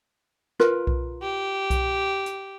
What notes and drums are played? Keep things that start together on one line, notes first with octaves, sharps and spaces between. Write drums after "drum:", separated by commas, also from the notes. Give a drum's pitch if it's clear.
F4 A#4 B4, drum: rim click
drum: kick B1
G4
drum: kick B1, hi-hat
drum: hi-hat